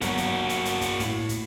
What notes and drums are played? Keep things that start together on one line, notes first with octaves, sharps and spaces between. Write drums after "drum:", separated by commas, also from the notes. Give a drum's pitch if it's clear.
G1 F#3 A#3 F#4, drum: kick, hi-hat
drum: hi-hat
drum: hi-hat
drum: hi-hat
drum: kick, hi-hat
A2, drum: kick, hi-hat
drum: kick, hi-hat